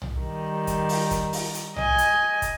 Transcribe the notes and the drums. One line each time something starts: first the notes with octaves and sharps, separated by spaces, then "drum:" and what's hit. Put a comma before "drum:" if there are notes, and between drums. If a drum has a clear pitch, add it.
drum: tom
D#3 G3
drum: kick, hi-hat
drum: open hi-hat
drum: kick, hi-hat
drum: open hi-hat
drum: hi-hat
D#5 G#5, drum: tom
drum: hi-hat
drum: kick, hi-hat